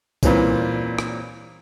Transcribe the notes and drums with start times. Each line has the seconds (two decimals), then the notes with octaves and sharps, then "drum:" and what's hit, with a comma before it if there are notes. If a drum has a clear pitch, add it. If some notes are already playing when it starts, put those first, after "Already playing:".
0.23 A#2 E3 G3 C4 C#4, drum: kick B1, tambourine
0.99 drum: rim click